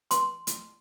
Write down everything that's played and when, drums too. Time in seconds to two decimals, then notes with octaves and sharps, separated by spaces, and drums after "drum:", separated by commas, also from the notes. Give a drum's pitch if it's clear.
0.11 C6, drum: hi-hat
0.47 drum: hi-hat